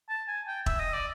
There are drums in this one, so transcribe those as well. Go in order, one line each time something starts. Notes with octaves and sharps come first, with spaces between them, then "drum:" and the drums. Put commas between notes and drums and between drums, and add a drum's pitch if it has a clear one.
A5
G#5
G5
E5, drum: kick E1
D#5
D5